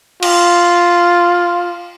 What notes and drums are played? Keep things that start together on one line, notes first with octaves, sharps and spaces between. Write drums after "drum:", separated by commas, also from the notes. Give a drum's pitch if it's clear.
F4, drum: cymbal